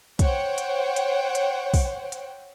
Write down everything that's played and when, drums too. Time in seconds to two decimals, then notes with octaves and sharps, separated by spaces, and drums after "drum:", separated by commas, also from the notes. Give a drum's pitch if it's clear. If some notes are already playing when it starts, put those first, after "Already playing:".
0.19 C5 C#5 F#5 G5, drum: kick, hi-hat
0.58 drum: hi-hat
0.96 drum: hi-hat
1.35 drum: hi-hat
1.74 drum: kick, open hi-hat
2.12 drum: hi-hat